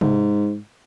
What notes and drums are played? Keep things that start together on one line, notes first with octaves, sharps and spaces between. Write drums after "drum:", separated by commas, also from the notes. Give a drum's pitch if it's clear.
G#2, drum: tom C3